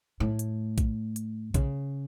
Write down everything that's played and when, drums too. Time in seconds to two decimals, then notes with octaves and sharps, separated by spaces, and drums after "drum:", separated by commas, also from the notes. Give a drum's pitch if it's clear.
0.20 A2
0.39 drum: hi-hat
0.78 drum: kick A#1, hi-hat
1.16 drum: hi-hat
1.54 C#3, drum: kick A#1, hi-hat